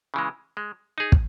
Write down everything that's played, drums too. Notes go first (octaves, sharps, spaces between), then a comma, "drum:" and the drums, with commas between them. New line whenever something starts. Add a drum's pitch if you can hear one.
C#3 E3 G#3
G#3
D#4 G#4
drum: kick